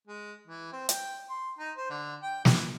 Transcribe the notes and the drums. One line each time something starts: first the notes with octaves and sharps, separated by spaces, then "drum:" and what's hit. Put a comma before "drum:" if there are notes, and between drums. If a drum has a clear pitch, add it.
G#3
E3
C4
G5, drum: hi-hat
C6
D#4
C5
D3
G5
E3, drum: snare